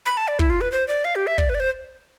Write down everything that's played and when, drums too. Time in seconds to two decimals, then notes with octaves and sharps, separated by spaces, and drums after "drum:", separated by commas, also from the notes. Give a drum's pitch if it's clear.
0.06 B5
0.17 A5
0.28 D5
0.39 E4, drum: kick
0.50 F4
0.61 B4
0.72 C5
0.88 D5
1.05 F5
1.15 G4
1.27 E5
1.38 D5, drum: kick
1.49 B4
1.55 D5
1.60 C5